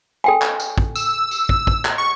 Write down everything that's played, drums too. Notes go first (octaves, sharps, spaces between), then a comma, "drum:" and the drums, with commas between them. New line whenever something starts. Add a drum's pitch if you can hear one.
A4 G5 G#5
drum: clap
drum: tambourine
drum: kick
E6, drum: tambourine
drum: tambourine
drum: kick
drum: kick
drum: clap
C#6